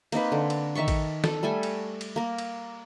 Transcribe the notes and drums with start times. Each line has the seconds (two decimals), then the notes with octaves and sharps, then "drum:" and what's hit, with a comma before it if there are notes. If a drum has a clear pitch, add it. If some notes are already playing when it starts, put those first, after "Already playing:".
0.12 A#3 C4 D#4 B4, drum: cymbal
0.32 D3
0.50 drum: cymbal
0.75 D#3 E5 A5 C#6
0.88 drum: kick A1, cymbal
1.24 A4, drum: snare
1.43 G3 A3 A4 G#5
1.63 drum: cymbal
2.01 drum: cymbal
2.16 A#3 A#4
2.38 drum: cymbal